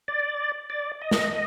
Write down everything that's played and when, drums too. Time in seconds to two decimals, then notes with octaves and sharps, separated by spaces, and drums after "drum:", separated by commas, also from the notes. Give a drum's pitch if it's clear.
0.08 D5
0.70 D5
1.02 D#5
1.11 drum: snare